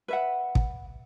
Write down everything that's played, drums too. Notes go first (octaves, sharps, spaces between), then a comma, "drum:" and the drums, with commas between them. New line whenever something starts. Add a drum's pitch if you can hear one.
B4 E5 F#5
drum: kick